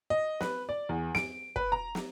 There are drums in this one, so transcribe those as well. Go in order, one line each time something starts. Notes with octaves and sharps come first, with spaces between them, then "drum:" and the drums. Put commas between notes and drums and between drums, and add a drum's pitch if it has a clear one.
D#5
B4, drum: snare
D5
E2
D7, drum: snare
B4, drum: kick
A#5
drum: snare